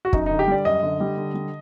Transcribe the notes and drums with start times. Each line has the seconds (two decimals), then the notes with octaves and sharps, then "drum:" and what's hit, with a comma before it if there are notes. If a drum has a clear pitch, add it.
0.05 F#4
0.13 F#2 D#4, drum: kick
0.26 D3 D#4
0.39 G4
0.48 G3 D5
0.65 F#2 D#5
0.83 D3
1.00 G3
1.18 D3
1.34 G3